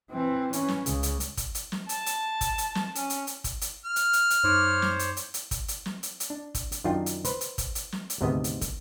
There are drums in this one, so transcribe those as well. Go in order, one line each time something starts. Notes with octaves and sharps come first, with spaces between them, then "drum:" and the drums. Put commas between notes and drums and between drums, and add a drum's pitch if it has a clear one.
E3 C4
E3 C#4, drum: hi-hat
drum: snare
C#2 C#3, drum: hi-hat
drum: hi-hat
drum: hi-hat
drum: kick, hi-hat
drum: hi-hat
drum: snare
A5, drum: hi-hat
drum: hi-hat
drum: kick, hi-hat
drum: hi-hat
drum: snare
C#4, drum: hi-hat
drum: hi-hat
drum: hi-hat
drum: kick, hi-hat
drum: hi-hat
F6
drum: hi-hat
drum: hi-hat
drum: hi-hat
F#2 D#4 C5 C#5 D6
drum: snare
drum: hi-hat
drum: hi-hat
drum: hi-hat
drum: kick, hi-hat
drum: hi-hat
drum: snare
drum: hi-hat
drum: hi-hat
D4
drum: kick, hi-hat
drum: hi-hat
F#2 D#3 D4 D#4 F4 G5
drum: hi-hat
B4 C5, drum: hi-hat
drum: hi-hat
drum: kick, hi-hat
drum: hi-hat
drum: snare
drum: hi-hat
D2 G#2 C3 D#3 B3 D#5
drum: hi-hat
drum: kick, hi-hat